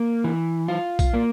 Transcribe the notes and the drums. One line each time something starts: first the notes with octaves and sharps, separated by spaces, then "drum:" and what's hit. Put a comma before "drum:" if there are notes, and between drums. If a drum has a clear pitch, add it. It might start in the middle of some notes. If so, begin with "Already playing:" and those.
Already playing: A#3
E3
F4
drum: kick B1, tambourine
A#3